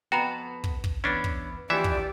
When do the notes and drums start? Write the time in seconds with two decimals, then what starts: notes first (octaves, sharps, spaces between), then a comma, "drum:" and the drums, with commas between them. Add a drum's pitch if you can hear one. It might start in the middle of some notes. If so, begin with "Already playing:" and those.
0.12 F2 B3 F#4 G5 A#5 B5
0.64 drum: kick
0.84 drum: kick
1.04 E3 B3 C#4 D4
1.24 drum: kick
1.70 E3 F3 G4 D5 E5
1.84 drum: kick